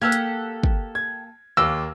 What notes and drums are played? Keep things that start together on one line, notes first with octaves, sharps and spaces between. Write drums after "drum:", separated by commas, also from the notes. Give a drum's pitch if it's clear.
A#3 G4 A4 F#5 E6 F6 G#6
drum: hi-hat
drum: kick
G#6
D#2 A#3 E6